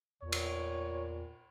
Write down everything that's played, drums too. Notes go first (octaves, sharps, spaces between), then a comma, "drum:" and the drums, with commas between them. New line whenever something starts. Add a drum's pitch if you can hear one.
E2 A#2 C#5
drum: cymbal